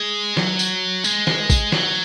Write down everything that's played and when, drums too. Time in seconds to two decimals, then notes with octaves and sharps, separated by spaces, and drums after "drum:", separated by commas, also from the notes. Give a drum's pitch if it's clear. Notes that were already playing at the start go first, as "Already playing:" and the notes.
Already playing: G#3
0.37 F#3, drum: snare
0.59 drum: tambourine
1.04 G#3, drum: tambourine
1.27 drum: snare
1.50 drum: kick, tambourine
1.72 F#3, drum: snare